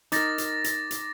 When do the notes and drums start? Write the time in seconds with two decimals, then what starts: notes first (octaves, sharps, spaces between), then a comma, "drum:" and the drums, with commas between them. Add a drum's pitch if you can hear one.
0.12 D#4 A#4 D6 A6 A#6, drum: hi-hat
0.38 drum: hi-hat
0.64 drum: hi-hat
0.91 drum: hi-hat